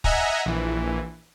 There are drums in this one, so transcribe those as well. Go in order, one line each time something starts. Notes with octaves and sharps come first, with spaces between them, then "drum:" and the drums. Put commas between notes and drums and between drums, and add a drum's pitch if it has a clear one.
D#5 E5 F#5 G#5 A#5, drum: kick
A#1 E3